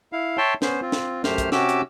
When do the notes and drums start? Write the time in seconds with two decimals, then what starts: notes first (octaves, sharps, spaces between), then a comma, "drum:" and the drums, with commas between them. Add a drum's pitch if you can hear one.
0.13 E4 F5
0.38 C#5 E5 G5 A5 C6
0.62 B3 C#4 C5, drum: snare
0.82 C4 F4
0.92 drum: snare
1.24 F#2 A3 G4 C5 F6, drum: snare
1.38 drum: kick, hi-hat
1.52 C3 C#4 F#4 G4 D6 E6, drum: snare
1.69 drum: hi-hat